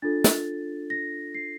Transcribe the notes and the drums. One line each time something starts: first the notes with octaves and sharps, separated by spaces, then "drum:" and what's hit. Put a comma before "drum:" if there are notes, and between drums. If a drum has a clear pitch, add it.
D4 F4 A4 A6
drum: snare
A#6
C7